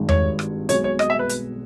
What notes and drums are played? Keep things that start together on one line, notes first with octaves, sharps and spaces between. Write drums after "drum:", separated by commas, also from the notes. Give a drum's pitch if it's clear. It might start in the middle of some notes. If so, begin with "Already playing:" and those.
Already playing: G#1 G2 D#3 G#3
C#5, drum: tom E2
drum: rim click
B1 B2 G#3 C#5, drum: hi-hat
C#5
D#5, drum: rim click
E5
B4
drum: hi-hat